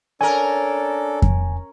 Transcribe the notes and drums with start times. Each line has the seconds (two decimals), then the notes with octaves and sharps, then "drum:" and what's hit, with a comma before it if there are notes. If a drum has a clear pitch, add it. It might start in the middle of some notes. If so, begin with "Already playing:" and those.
0.21 C#4 D4 A4 A#4 G#5
1.22 drum: kick F2